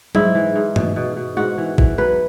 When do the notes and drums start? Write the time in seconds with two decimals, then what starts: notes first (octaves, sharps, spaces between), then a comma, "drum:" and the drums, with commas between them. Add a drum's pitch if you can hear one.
0.15 G#2 E4, drum: tom F#3
0.35 E3
0.55 G#2
0.76 B2, drum: tom G2
0.96 B2
1.17 B2
1.37 G#2 F#4
1.58 E3
1.78 E3, drum: kick
1.98 F#3 B4